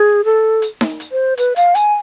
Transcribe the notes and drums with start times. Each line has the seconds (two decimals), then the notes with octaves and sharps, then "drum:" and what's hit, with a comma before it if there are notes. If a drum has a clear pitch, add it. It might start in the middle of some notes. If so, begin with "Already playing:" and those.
Already playing: G#4
0.25 A4
0.62 drum: hi-hat
0.81 drum: snare D#4
1.00 drum: hi-hat
1.12 C5
1.37 B4, drum: hi-hat
1.56 F5, drum: hi-hat
1.75 G#5, drum: hi-hat